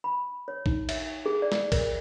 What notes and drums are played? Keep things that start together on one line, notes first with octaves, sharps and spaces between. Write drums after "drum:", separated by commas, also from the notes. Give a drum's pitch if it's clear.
B5
C#5
D#4, drum: kick A#1
E5, drum: cymbal
G#4
D5
drum: snare
A#4, drum: kick A#1, cymbal